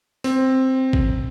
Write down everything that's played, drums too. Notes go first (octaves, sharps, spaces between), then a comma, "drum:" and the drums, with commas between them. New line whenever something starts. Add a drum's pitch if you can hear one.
C4, drum: open hi-hat
drum: kick A1